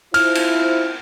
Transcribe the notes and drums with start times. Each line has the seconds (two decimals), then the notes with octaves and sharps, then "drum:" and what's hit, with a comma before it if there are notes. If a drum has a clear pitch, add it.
0.14 E4 F4 C5 F6, drum: cymbal
0.35 drum: cymbal